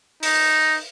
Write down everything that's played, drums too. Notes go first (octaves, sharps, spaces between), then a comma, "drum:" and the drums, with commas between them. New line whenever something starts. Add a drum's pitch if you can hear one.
D#4, drum: open hi-hat